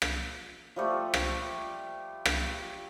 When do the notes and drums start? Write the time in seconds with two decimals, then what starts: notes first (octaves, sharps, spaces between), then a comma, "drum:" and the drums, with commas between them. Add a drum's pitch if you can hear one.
0.02 drum: rim click
0.76 F3 G3 A3
1.14 drum: rim click
2.25 drum: rim click